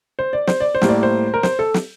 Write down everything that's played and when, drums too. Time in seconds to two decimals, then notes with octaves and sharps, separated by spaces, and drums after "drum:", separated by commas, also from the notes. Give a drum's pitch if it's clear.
0.19 C5
0.33 D5
0.47 C5, drum: snare
0.60 D5
0.75 C5
0.82 A2 G3 A#3, drum: snare
0.89 D5
1.03 C5
1.34 A#4
1.43 C5, drum: snare
1.59 A4
1.74 drum: snare